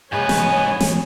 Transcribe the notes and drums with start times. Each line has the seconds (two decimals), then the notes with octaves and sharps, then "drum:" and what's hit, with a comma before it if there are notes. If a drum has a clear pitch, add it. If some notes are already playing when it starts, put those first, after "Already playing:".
0.12 G#2 G#4 B4 C#5 G#5
0.29 drum: snare
0.80 drum: snare